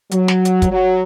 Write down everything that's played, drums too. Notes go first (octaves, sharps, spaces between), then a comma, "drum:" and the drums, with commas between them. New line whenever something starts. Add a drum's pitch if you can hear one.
F#3, drum: hi-hat
drum: snare
drum: hi-hat
drum: kick, hi-hat
F#3